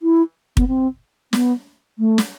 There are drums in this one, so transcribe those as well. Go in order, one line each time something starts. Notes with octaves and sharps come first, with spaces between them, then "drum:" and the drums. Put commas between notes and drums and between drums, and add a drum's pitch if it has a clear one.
E4
B3, drum: kick
C4
B3, drum: snare
A3
drum: snare